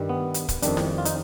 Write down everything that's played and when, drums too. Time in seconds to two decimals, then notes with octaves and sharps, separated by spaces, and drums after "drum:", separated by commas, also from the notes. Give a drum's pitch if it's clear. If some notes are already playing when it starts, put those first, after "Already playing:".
Already playing: G2 D#3 G3
0.09 B3
0.34 drum: hi-hat
0.49 drum: kick, hi-hat
0.62 F2 D#3 G3 D4, drum: hi-hat
0.77 drum: snare E4
0.98 F4
1.05 D#4, drum: hi-hat